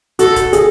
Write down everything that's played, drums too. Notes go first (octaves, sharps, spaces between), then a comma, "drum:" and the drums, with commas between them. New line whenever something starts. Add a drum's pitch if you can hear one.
F#4 A4, drum: hi-hat
drum: kick, hi-hat
G#4, drum: hi-hat